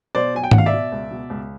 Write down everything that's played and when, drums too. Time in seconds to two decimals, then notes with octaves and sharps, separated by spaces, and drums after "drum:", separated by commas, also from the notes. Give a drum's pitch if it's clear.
0.15 B2 C5 D5
0.34 F#3 G#5
0.44 G5
0.51 B2 F#5, drum: tom G#2
0.58 F5
0.66 D5 E5
0.73 B2
0.92 C#2
1.11 B2
1.30 C#2